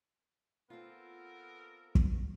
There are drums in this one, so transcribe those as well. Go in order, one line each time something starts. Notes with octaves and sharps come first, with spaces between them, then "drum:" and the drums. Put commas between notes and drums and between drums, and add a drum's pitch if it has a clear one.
B3 C4 F4 A4 A#4
drum: kick